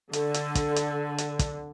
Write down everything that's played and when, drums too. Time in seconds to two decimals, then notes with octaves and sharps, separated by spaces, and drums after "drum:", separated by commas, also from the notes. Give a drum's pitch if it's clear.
0.13 D3 A4, drum: hi-hat
0.34 drum: hi-hat
0.55 drum: kick, hi-hat
0.76 drum: hi-hat
1.18 drum: hi-hat
1.39 drum: kick, hi-hat